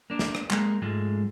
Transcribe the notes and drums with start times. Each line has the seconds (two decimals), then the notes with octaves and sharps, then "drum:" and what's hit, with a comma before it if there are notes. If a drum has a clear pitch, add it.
0.10 A#3 D4
0.19 drum: snare
0.35 drum: rim click
0.50 G#3 A#3, drum: clap
0.82 G#2 F3 G#3 A3